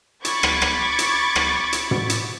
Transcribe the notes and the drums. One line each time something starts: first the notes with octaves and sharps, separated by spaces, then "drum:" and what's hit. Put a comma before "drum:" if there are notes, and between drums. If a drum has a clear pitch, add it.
B5 C#6 D6 G#6 A6, drum: hi-hat
drum: rim click
drum: rim click
drum: hi-hat
drum: rim click
drum: hi-hat
drum: tom
drum: hi-hat